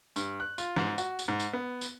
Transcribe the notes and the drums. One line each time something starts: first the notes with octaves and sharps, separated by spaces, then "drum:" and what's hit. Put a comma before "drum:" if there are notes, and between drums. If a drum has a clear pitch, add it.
G2, drum: tambourine
F#6
F4, drum: tambourine
G#2, drum: snare
F#4, drum: tambourine
drum: tambourine
G#2
drum: tambourine
B3
drum: tambourine